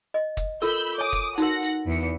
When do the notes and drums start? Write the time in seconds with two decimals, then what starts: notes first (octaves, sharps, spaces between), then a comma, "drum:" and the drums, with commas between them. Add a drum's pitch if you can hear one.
0.14 D#5
0.37 drum: kick, hi-hat
0.62 F4 A4 A#4 B5 E6 G6, drum: hi-hat
0.98 C#5 G#5 D6 D#6
1.13 drum: kick, hi-hat
1.38 D#4 F#4 A#4 F#5 A#6 C#7, drum: hi-hat
1.63 drum: hi-hat
1.87 E2 C#7